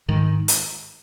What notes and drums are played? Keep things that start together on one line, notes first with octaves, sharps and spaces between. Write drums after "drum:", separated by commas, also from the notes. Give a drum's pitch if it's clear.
G#2 D#3
drum: hi-hat